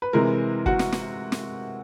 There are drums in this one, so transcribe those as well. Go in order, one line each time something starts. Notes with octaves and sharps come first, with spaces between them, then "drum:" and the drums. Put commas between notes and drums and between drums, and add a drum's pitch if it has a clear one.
B4
C3 E3 G#3 A#4
F#4, drum: kick
drum: snare
drum: snare
drum: snare